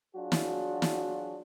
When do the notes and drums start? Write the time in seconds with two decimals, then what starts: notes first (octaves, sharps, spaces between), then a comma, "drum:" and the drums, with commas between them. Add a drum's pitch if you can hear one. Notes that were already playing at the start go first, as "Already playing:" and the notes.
0.15 F#3 D4 F4 F#4 G#4
0.32 drum: snare
0.82 drum: snare